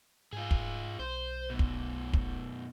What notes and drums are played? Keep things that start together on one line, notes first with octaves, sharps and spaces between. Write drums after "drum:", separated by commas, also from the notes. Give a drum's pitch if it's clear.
G#2 F4 G#4
drum: kick
B1 C5
F#2 B2
drum: kick
drum: kick